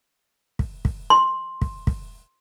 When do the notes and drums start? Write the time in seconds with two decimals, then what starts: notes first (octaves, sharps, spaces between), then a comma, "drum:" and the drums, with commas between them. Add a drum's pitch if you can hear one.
0.59 drum: kick
0.85 drum: kick
1.10 C6
1.62 drum: kick
1.87 drum: kick